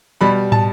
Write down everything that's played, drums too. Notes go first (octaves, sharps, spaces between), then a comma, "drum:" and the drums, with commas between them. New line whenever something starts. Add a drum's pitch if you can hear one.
B2 G3 B5
A5, drum: tom